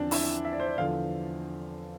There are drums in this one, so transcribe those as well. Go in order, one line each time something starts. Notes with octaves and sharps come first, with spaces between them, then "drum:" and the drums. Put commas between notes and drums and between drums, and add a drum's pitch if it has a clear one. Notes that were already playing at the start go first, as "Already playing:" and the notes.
Already playing: E2 D3 F3 C4 D4
E4, drum: open hi-hat
E5
D5
C5
D5
E2 D3 F3 F5